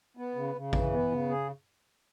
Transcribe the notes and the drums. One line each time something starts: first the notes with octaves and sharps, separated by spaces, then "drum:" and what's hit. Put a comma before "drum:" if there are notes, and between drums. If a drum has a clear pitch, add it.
B3
C#3
C#3
E3, drum: kick A1
B3
C#3
G#4